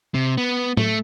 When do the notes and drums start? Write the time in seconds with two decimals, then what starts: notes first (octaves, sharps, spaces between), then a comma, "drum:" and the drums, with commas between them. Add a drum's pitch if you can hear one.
0.14 C3
0.38 B3
0.77 A3, drum: tom A2